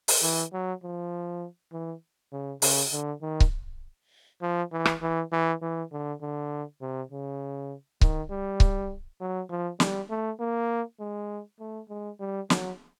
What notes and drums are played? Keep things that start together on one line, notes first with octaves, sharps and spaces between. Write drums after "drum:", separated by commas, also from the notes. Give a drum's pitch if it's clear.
drum: open hi-hat
E3
F#3
F3
E3
C#3
C#3, drum: open hi-hat
D3
D#3
drum: kick C#1
F3
E3
drum: rim click
E3
E3
E3
D3
D3
C3
C#3
D#3, drum: kick C#1
G3
drum: kick C#1
F#3
F3
G3, drum: snare
A3
A#3
G#3
A3
G#3
G3
F#3, drum: snare